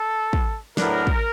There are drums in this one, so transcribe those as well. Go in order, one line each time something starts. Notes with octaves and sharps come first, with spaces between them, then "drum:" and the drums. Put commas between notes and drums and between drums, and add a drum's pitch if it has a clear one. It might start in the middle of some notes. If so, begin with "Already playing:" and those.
Already playing: A4
drum: kick
A2 F#3 B3 D4 A#4, drum: snare
drum: kick